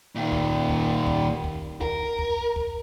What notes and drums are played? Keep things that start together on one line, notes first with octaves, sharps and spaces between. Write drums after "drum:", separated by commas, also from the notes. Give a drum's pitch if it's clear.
A#2 D#3
drum: kick
drum: kick
drum: kick
drum: kick
A#4, drum: kick
drum: kick
drum: kick